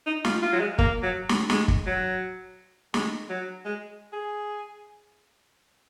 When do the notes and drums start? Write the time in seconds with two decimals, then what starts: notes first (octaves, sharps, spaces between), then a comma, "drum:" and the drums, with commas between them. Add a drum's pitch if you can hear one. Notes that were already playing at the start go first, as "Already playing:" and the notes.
0.07 D#4
0.25 F4, drum: snare
0.43 F4
0.53 F#3
0.60 G#3
0.79 A#3, drum: kick
1.03 F#3
1.29 drum: snare
1.50 G#3, drum: snare
1.68 drum: kick
1.86 F#3
2.94 G#3, drum: snare
3.29 F#3
3.65 G#3
4.13 G#4